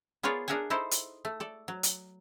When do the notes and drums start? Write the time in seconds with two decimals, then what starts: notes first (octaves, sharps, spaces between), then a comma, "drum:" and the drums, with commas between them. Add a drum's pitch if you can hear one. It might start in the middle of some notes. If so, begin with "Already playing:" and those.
0.23 B3 F4 G#4 A#4 C#5 D5
0.48 D4 G#4 A#4 E5 F#5 G#5
0.70 D#4 E4 A4 C5
0.91 drum: hi-hat
1.25 A3
1.40 A4 D5
1.68 F#3
1.83 drum: hi-hat